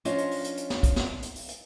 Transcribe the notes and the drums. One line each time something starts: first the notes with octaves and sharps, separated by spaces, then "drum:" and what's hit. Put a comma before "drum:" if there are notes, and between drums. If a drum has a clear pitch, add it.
F3 C#4 D4 F4 C#5 D#5, drum: hi-hat
drum: hi-hat
drum: open hi-hat
drum: hi-hat
drum: hi-hat
drum: snare
drum: kick, hi-hat
drum: snare
drum: hi-hat
drum: open hi-hat
drum: hi-hat